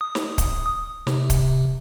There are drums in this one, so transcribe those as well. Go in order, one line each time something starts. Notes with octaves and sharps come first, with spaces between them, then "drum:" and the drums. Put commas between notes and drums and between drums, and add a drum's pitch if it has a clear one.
D#6
drum: snare
drum: kick, hi-hat
C3, drum: snare
drum: kick, hi-hat